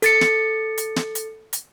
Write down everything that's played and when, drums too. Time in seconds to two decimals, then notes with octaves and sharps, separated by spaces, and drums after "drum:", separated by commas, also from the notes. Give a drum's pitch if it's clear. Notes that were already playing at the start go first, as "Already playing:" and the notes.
0.02 A4 A6 C#7, drum: hi-hat
0.21 drum: snare
0.78 drum: hi-hat
0.96 drum: snare
1.15 drum: hi-hat
1.53 drum: hi-hat